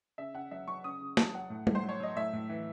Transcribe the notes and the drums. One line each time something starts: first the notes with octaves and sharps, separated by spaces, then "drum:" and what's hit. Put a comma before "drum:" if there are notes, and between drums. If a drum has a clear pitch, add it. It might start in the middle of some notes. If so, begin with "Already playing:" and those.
C#3 E5
C#3 F#5
F#3 E5
F#3 C#6
C#3 D#6
C#3
F#3 A5, drum: snare
F#3 F#5
A2
A2, drum: tom G3
C5
F#3
C#5
F#3 D#5
A2 E5
A2
E3